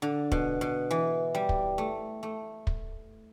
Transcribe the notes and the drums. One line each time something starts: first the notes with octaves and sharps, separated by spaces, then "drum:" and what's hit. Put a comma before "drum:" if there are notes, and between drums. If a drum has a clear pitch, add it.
D3
B2, drum: kick
B2
E3
G3
drum: kick
A3
A3
drum: kick